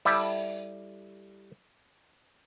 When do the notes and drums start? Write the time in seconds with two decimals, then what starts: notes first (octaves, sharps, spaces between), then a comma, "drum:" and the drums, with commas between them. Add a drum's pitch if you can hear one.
0.05 G3 E4 G4 A4, drum: open hi-hat